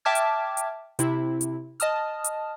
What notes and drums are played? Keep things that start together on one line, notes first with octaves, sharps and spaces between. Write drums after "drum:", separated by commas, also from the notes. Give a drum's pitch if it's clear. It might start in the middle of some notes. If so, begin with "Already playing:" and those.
E5 G5 A5 D6 F6 G#6
drum: hi-hat
drum: hi-hat
C3 E4, drum: hi-hat
drum: hi-hat
D#5 A5 D#6 F6, drum: hi-hat
drum: hi-hat